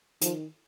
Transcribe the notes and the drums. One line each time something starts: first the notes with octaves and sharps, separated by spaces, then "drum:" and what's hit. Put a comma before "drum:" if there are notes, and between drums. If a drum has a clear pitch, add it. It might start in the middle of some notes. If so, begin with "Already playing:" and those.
D#3 F3, drum: hi-hat